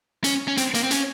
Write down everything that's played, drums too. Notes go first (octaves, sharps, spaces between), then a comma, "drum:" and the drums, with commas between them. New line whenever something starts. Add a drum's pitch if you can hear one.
C#4, drum: hi-hat
C#4
C4, drum: hi-hat
A#3, drum: hi-hat
C4
C#4, drum: hi-hat